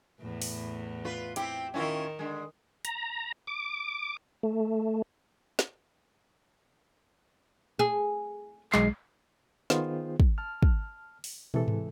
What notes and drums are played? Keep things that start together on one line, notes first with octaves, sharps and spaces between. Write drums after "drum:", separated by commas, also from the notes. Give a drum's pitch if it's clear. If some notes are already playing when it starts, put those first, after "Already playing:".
E2 A2
drum: open hi-hat
F4 B4
C4 E4 G4, drum: hi-hat
D#3 C#4 E4 F4
D3 G#3
A#5, drum: hi-hat
D6
A3
drum: snare
G#4
B1 G#3 C7, drum: clap
D#3 B3 F4 G#4 C5, drum: snare
drum: kick
A5 F6
drum: kick
drum: open hi-hat
C3 E3 G#3 A4, drum: tom
drum: tom G#2